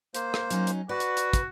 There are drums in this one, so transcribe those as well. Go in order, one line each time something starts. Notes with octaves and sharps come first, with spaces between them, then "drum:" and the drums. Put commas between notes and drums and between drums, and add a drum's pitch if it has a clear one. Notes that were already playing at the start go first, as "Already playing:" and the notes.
A#3 C5, drum: hi-hat
drum: rim click
F#3 C#4 D#4, drum: hi-hat
drum: hi-hat
F#4 B4 D5
drum: hi-hat
drum: hi-hat
drum: kick, hi-hat